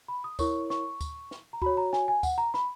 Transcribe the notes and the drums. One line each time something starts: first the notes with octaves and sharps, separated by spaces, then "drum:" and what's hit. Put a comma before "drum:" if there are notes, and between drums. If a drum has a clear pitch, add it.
B5
D#6
E4 A#4 C#5 C#6, drum: kick D2, tambourine
C#6, drum: snare
drum: kick D2, tambourine
drum: snare
A#5
F#4 C#5 B5, drum: kick D2
A#5
G#5, drum: snare
G#5
F#5, drum: kick D2, tambourine
A#5
B5, drum: snare